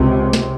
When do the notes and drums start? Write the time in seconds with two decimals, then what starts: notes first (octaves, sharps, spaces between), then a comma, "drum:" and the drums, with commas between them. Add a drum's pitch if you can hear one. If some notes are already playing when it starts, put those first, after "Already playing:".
Already playing: C#2 C3
0.33 drum: snare